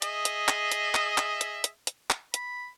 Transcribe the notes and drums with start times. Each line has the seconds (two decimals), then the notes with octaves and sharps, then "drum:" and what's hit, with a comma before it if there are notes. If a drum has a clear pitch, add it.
0.02 G#4 D#5 E5, drum: hi-hat
0.25 drum: hi-hat
0.48 drum: clap
0.72 drum: hi-hat
0.95 drum: clap
1.18 drum: clap
1.41 drum: hi-hat
1.64 drum: hi-hat
1.87 drum: hi-hat
2.10 drum: clap
2.34 B5, drum: hi-hat